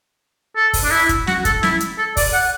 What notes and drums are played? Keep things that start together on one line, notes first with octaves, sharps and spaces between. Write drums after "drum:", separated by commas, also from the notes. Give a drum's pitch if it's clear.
A4
drum: kick, open hi-hat
D4
E4
drum: kick, hi-hat
F#4, drum: snare
A4, drum: kick, hi-hat
E4, drum: snare
drum: hi-hat
A4
D5, drum: kick, open hi-hat
F#5